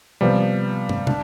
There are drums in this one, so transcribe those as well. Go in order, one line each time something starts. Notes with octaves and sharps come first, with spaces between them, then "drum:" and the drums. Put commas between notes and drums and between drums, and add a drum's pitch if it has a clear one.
C3 F3 G3 B3
drum: tom
D4, drum: tom